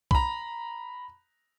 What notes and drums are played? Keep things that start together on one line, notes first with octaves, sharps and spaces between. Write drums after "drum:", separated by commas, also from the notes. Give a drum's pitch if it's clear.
A#5 B5, drum: kick B1